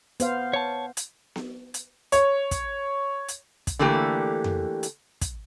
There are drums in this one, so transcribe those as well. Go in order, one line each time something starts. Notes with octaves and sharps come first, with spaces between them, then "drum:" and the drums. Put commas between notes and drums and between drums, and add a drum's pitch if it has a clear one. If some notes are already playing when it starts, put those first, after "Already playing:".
B3 C5 F5, drum: hi-hat
C#5 A5
drum: hi-hat
drum: snare B3
drum: hi-hat
C#5, drum: hi-hat
drum: kick, hi-hat
drum: hi-hat
drum: kick, hi-hat
D3 E3 A3 A#3 G4
drum: tom F2
drum: hi-hat
drum: kick, hi-hat